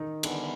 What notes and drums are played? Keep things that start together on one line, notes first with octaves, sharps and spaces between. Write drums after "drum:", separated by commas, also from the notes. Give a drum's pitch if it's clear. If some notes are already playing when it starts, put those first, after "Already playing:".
Already playing: D#3 D#4
D3 E3 G3 B3 D4, drum: cymbal